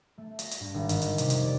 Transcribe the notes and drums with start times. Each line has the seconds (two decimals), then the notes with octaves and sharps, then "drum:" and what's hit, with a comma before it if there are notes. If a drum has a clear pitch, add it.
0.18 A3
0.39 A#6, drum: hi-hat
0.51 drum: hi-hat
0.60 G2
0.74 G#1
0.89 D#3, drum: hi-hat
1.02 G3, drum: hi-hat
1.18 C3, drum: hi-hat
1.30 F1, drum: hi-hat
1.45 D5